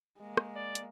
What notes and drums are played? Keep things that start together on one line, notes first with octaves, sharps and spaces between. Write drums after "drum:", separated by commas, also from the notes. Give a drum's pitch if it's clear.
G#3 A#3
drum: rim click
D5
drum: hi-hat